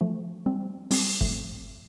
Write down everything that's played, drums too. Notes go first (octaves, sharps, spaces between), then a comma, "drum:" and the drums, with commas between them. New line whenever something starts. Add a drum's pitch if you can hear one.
F3 A3
G3 C4
G3 C4, drum: open hi-hat
F3 A3, drum: kick G1